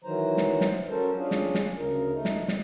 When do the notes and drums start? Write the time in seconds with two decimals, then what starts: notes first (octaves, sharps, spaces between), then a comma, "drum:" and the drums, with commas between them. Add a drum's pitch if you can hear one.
0.04 D#3 E3 F#3 C5 A#5
0.37 drum: snare
0.61 drum: snare
0.90 F#3 C#4 A4 A#4 C5
1.17 C#4 D4 F4 G#4
1.31 drum: snare
1.55 drum: snare
1.78 D2 C#3 A#4
2.14 A3 D#4
2.25 drum: snare
2.48 drum: snare